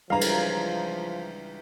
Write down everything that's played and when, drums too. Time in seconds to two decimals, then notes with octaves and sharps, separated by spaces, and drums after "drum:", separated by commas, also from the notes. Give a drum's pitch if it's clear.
0.10 C#2 E3 F3 G3 D4 F5 A#5
0.21 drum: cymbal